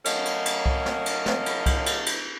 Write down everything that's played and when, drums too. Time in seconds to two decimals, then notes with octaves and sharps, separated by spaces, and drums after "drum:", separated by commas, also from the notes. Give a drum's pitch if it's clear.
0.05 F#3 A3 C#4 A#4 D#5 F5, drum: cymbal
0.26 drum: cymbal
0.46 drum: cymbal
0.66 drum: kick C2
0.86 drum: snare
1.06 drum: cymbal
1.26 drum: snare
1.46 drum: cymbal
1.66 drum: kick C2, cymbal
1.86 drum: cymbal
2.06 drum: cymbal